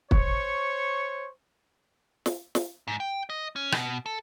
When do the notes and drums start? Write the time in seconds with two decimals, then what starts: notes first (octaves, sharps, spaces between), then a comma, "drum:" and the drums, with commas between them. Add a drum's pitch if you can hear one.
0.11 C5 C#5 C#6, drum: kick
2.26 drum: snare
2.55 drum: snare
2.88 G#2
3.00 G5
3.30 D#5
3.56 C#4
3.72 B2, drum: rim click
4.06 A4